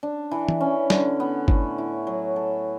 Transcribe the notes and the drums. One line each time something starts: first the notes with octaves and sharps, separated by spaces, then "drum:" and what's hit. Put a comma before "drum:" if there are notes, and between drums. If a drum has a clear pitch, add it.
D4
E3
drum: tom E3
C#4
D3, drum: snare
B3
A2, drum: kick G1
E4
F#3
A4